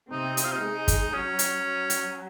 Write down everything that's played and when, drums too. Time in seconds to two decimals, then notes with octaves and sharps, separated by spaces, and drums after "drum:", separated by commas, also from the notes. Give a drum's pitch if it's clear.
0.11 C3 C4 D#4
0.37 D#4, drum: hi-hat
0.44 F4
0.51 D#4
0.62 G#3
0.88 drum: kick, hi-hat
1.13 F#3 C#4
1.39 drum: hi-hat
1.64 F#3
1.90 drum: hi-hat